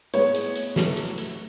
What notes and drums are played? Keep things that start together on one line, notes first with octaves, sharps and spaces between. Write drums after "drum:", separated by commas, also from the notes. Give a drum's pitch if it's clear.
A2 G#3 B3 C#5, drum: hi-hat
drum: hi-hat
drum: hi-hat
A2 F#3 A3, drum: snare
drum: hi-hat
drum: hi-hat